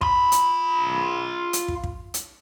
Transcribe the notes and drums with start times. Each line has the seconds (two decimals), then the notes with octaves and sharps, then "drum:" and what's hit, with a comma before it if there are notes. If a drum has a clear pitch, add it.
0.01 F4 B5, drum: kick
0.32 drum: hi-hat
1.53 drum: hi-hat
1.68 drum: kick
1.83 drum: kick
2.14 drum: hi-hat